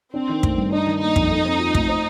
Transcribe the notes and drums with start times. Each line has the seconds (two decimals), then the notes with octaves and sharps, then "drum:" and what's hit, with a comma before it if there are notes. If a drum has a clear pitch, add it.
0.14 C4 D4
0.29 D#3
0.43 A3, drum: kick
0.58 G2
0.72 D4 D#4
0.87 D#3
1.01 A#3 D#4
1.16 F2, drum: kick
1.30 A4
1.45 C4
1.59 F4
1.75 A3, drum: kick
1.88 C5